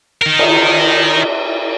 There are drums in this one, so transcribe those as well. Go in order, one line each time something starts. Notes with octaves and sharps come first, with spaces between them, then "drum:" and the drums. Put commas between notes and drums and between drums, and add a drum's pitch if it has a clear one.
D#4 A#4
drum: cymbal